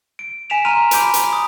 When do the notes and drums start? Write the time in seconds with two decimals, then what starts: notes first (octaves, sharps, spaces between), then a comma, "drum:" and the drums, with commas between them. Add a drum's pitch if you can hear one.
0.19 D7
0.50 G#5 B6 D7 E7 F7
0.65 A#5 C6 F6 D#7 F7
0.91 B5 D6 G6 D7 F7, drum: hi-hat
1.14 drum: hi-hat
1.33 D#6